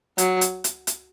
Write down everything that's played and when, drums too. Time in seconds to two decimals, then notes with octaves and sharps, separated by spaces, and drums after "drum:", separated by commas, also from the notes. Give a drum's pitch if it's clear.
0.18 F#3, drum: hi-hat
0.41 drum: hi-hat
0.64 drum: hi-hat
0.87 drum: hi-hat